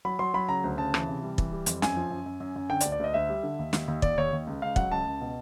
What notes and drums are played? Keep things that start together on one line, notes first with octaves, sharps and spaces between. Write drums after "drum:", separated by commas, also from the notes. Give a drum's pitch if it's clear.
F#3 B5
F#3 C6
F#3 B5
C#3 A#5
D2
C#3 A5
E3, drum: rim click
C3
G3
E3, drum: kick
G3
F2, drum: hi-hat
F#2 G#5, drum: snare
F3
F#2
F#2
F#2
F#2
D3 G5
D5, drum: hi-hat
D2
D5
D2 D#5
D2 E5
G3
D3
D#2
D#2, drum: snare
D#2
D#2 D5, drum: kick
D#2 C#5
D#2
C#2
C#2 F5
F#3 F#5, drum: kick
C#2 A5
C#2
B2